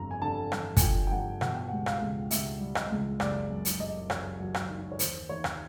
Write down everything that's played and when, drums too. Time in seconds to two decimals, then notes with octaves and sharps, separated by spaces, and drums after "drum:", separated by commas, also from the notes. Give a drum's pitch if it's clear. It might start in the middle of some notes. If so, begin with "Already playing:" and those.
Already playing: G1 F2 A#5
0.11 G#5
0.21 D3 A5
0.52 G1, drum: rim click
0.77 G#5, drum: kick, hi-hat
0.81 F3 G5
1.07 G5
1.11 G1 F#5
1.41 B2 F#5, drum: rim click
1.54 G5
1.68 C#2 F#5
1.86 F5, drum: rim click
2.01 C#2
2.31 C#2 E5, drum: hi-hat
2.60 G3
2.75 D#5, drum: rim click
2.90 C#2
3.20 F#1 D5, drum: rim click
3.50 F#2
3.65 drum: hi-hat
3.80 F#2 D#5
4.10 F#2 C#5, drum: rim click
4.40 F#3
4.54 drum: rim click
4.70 D#3
4.92 C#5
4.99 D#2 C5, drum: hi-hat
5.29 D#2 C#5
5.44 drum: rim click